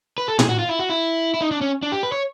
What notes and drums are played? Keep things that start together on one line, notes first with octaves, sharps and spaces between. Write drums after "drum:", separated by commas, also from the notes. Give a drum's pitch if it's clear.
B4
A4
G#4, drum: tom A2
F#4
F4
E4
F#4
E4
E4
D#4
D4
C#4
D4
G4
B4
C#5